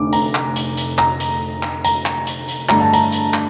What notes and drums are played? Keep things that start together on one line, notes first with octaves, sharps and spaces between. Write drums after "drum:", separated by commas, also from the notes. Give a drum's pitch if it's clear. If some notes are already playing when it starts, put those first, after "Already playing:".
Already playing: F1 D3 A3 D6
A#5, drum: hi-hat
drum: clap
drum: hi-hat
drum: hi-hat
A#5, drum: clap
drum: hi-hat
drum: clap
A#5, drum: hi-hat
drum: clap
drum: hi-hat
drum: hi-hat
G2 D3 A3 A#5, drum: clap
A5
A#5, drum: hi-hat
drum: hi-hat
drum: clap